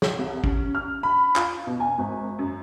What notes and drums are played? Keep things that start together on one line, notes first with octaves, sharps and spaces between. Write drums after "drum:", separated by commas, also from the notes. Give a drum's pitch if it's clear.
drum: snare
C2
C#4, drum: kick
F6
B5
F4, drum: clap
B2
G#5
G#1
F#2